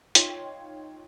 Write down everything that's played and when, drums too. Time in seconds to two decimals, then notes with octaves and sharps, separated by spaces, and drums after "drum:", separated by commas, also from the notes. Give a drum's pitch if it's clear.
0.15 D#4 F4 C#5 G5 C6, drum: hi-hat